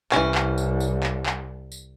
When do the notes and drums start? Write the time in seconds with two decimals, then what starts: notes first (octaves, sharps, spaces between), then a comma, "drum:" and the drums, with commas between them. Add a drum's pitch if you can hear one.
0.12 C2 E3 C#4, drum: clap
0.35 drum: clap
0.58 drum: tambourine
0.80 drum: tambourine
1.03 drum: clap
1.26 drum: clap
1.72 drum: tambourine